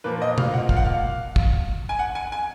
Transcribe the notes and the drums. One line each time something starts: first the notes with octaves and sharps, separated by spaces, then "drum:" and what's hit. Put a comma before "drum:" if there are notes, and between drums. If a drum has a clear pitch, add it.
A#2 F3 A#3 B4
D#5
F5, drum: tom B2
F#5
F5, drum: kick
F#5
F5
drum: kick
G#5
F#5
G#5
G#5